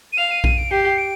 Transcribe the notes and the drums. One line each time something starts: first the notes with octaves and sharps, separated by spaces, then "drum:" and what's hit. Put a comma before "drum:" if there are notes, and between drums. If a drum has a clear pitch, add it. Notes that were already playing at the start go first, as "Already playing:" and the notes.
D#7
F5 F7
D#7
D#7, drum: kick A#1
D7
G4 C7
D7